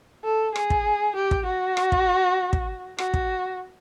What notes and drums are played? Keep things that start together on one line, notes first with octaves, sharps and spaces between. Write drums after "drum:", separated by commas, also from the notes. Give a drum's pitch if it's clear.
A4
G#4, drum: rim click
drum: kick
G4
drum: kick
F#4
drum: rim click
drum: kick
drum: kick
F#4, drum: rim click
drum: kick